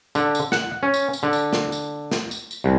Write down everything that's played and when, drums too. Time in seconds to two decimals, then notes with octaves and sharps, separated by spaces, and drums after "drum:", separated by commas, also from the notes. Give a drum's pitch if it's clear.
0.15 D3, drum: tambourine
0.35 drum: tambourine
0.52 F#5, drum: snare
0.83 C#4
0.94 drum: tambourine
1.13 drum: tambourine
1.23 D3
1.33 drum: tambourine
1.53 drum: snare
1.72 drum: tambourine
2.12 drum: snare
2.31 drum: tambourine
2.51 drum: tambourine
2.64 C2